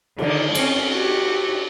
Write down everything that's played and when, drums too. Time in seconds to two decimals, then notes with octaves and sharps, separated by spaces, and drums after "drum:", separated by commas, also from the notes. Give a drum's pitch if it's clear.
0.18 D3 D#3, drum: cymbal
0.55 C4 C#4, drum: cymbal
0.91 F#4 G4